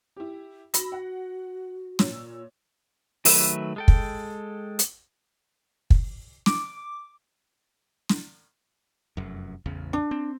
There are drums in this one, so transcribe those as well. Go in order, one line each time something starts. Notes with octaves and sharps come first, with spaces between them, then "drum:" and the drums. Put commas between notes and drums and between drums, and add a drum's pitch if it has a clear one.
E4 G4
F#4 B5 E6 A#6, drum: hi-hat
F#5
A#2 C#5 E6, drum: snare
D#3 F#3 A3 B4 E5, drum: open hi-hat
G#3 A4 G5
drum: kick
drum: hi-hat
drum: kick
D6, drum: snare
drum: snare
F1 F#2
A1 E2 C#3
D4
C4